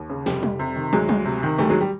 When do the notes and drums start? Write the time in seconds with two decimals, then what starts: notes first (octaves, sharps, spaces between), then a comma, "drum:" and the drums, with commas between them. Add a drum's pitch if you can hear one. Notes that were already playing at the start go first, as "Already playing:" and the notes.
Already playing: D#2
0.10 C#3
0.26 F1 G3, drum: snare
0.43 F1, drum: tom G3
0.59 C3
0.76 D#3
0.93 D2 F#3 G#3
1.09 D2, drum: tom G3
1.25 C3
1.43 D#3
1.58 D2 G3 A3
1.69 F#3 G#3
1.81 G3